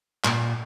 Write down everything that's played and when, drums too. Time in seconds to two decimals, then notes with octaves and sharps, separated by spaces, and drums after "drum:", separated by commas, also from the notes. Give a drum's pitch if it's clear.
0.24 A#2, drum: clap